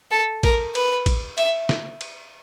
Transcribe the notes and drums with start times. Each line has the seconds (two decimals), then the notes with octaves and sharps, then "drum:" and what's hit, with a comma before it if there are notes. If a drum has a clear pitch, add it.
0.11 A4
0.43 A#4, drum: kick, cymbal
0.75 B4, drum: cymbal
1.06 drum: kick, cymbal
1.38 E5, drum: cymbal
1.69 drum: snare
2.01 drum: cymbal